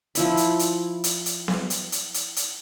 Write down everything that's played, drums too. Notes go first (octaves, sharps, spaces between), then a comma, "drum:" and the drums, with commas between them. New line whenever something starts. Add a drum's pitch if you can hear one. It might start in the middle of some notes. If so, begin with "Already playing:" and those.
F3 E4 B5, drum: hi-hat
drum: hi-hat
drum: hi-hat
drum: hi-hat
drum: hi-hat
drum: snare B3
drum: hi-hat
drum: hi-hat
drum: hi-hat
drum: hi-hat